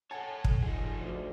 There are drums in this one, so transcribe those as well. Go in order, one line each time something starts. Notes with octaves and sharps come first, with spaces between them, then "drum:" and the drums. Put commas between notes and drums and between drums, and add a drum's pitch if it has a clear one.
A4 C#5 F#5 G#5 A5
drum: kick
F3 D#4 G#4
D2